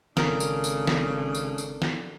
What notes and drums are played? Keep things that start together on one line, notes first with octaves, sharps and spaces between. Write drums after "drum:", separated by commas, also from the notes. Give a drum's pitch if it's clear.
G#1 C#3 D4 A4 A#4, drum: snare
drum: tambourine
drum: tambourine
drum: snare
drum: tambourine
drum: tambourine
drum: snare